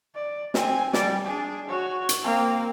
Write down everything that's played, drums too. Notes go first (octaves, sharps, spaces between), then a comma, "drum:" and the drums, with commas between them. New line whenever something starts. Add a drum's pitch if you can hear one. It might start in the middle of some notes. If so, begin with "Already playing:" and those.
D5
C4 G#5, drum: snare
G3 D5, drum: snare
D4 G#4
F#4 C#5
drum: hi-hat
A#3 C4